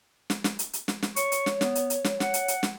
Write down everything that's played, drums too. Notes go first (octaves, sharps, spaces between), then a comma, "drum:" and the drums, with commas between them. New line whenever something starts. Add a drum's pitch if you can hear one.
drum: snare
drum: snare
drum: hi-hat
drum: hi-hat
drum: snare
drum: snare
C#5 C#6, drum: hi-hat
drum: hi-hat
drum: snare
B3, drum: snare
drum: hi-hat
drum: hi-hat
drum: snare
F#5, drum: snare
drum: hi-hat
drum: hi-hat
drum: snare